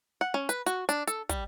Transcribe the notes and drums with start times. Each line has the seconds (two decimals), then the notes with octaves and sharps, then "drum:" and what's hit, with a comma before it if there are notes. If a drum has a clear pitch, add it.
0.21 F#5
0.34 C#4
0.49 B4, drum: hi-hat
0.66 F#4, drum: hi-hat
0.89 D4, drum: hi-hat
1.07 A4, drum: hi-hat
1.29 G3, drum: kick, hi-hat